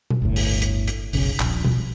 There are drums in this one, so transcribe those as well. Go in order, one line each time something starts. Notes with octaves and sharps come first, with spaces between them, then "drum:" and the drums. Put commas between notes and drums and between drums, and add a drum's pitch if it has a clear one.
drum: tom B2
G1 D2 A2
drum: open hi-hat
drum: hi-hat
drum: hi-hat
F#1 B1 C#3, drum: open hi-hat
D#1 A#1, drum: clap
drum: tom B2